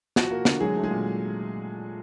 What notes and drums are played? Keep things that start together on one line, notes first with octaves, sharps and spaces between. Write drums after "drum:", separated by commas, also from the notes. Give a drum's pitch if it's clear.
F3 F#4, drum: snare
A#3
D3, drum: snare
F#3 G#3 G#4
A3
G#3 G#4
A#2